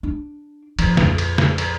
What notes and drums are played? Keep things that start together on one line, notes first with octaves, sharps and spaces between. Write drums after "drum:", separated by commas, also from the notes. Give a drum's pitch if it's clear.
D4
A1 F3, drum: cymbal
A#1 F2, drum: snare
drum: cymbal
drum: snare
drum: cymbal